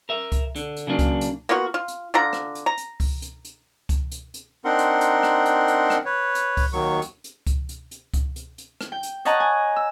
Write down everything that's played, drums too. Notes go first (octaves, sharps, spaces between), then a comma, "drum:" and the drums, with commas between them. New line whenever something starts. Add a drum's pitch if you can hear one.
A#4 E5
drum: kick C#2, hi-hat
D3, drum: hi-hat
drum: hi-hat
C#3 F#3 A#3 D4
drum: kick C#2, hi-hat
drum: hi-hat
A#3 B3 F4 F#4
F4
drum: hi-hat
D3 F4 A#5
drum: rim click
drum: hi-hat
A#5
drum: hi-hat
drum: kick C#2, open hi-hat
drum: hi-hat
drum: hi-hat
drum: kick C#2, hi-hat
drum: hi-hat
drum: hi-hat
C4 D4 D#4 A#4 F#5 C6
drum: hi-hat
drum: hi-hat
drum: rim click
drum: hi-hat
drum: hi-hat
drum: rim click
B4 C#5
drum: hi-hat
drum: kick C#2, open hi-hat
D#2 D#3 F#3 C#6
drum: hi-hat
drum: hi-hat
drum: kick C#2, hi-hat
drum: hi-hat
drum: hi-hat
drum: kick C#2, hi-hat
drum: hi-hat
drum: hi-hat
drum: rim click
G5
drum: hi-hat
C#5 D#5 F#5 A5 A#5, drum: hi-hat
G#5
E6